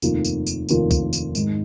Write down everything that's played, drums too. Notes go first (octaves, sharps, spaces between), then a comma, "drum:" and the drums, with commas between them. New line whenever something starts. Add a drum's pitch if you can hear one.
F1 D#2 D#3 A#3 F4, drum: tambourine
drum: tambourine
drum: tambourine
F1 D#2 D#3 A#3 F4, drum: tambourine
drum: kick, tambourine
drum: tambourine
G#2 D#3 G#3, drum: tambourine